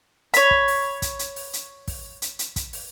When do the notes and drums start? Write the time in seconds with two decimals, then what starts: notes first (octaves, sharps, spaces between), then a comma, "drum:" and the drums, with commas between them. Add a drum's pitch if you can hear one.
0.34 C#5 B5, drum: hi-hat
0.51 drum: kick
0.68 drum: open hi-hat
1.02 drum: kick, hi-hat
1.19 drum: hi-hat
1.36 drum: open hi-hat
1.53 drum: hi-hat
1.88 drum: kick, open hi-hat
2.22 drum: hi-hat
2.39 drum: hi-hat
2.56 drum: kick, hi-hat
2.73 drum: open hi-hat